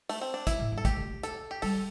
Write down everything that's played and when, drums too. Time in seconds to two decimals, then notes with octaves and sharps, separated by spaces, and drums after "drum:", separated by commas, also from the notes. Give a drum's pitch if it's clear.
0.09 A3, drum: open hi-hat
0.21 C4
0.34 D4
0.47 E4, drum: kick, hi-hat
0.60 A2
0.72 G2
0.78 A4
0.85 A3 G4, drum: kick, hi-hat
1.23 A4, drum: hi-hat
1.51 G4
1.62 G3 A4, drum: open hi-hat